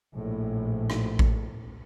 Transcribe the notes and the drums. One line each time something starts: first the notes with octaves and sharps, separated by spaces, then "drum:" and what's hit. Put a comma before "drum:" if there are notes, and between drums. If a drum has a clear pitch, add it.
A#1 A2
drum: rim click
drum: kick A1